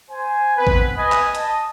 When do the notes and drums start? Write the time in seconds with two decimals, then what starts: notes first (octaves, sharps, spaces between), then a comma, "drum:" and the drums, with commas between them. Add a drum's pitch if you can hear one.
0.11 C5 G#5
0.57 B3 C4 B4
0.67 drum: kick
0.96 B4 D#5 G#5 B5 D#6
1.12 drum: clap
1.35 D#5 A5, drum: hi-hat